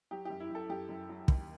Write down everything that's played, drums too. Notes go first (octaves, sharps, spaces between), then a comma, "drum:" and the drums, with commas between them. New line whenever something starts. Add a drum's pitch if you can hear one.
F#3 G4
F#2 G4
E4
F#2
A4
F#2 G4
F#2
F#3
D#2, drum: kick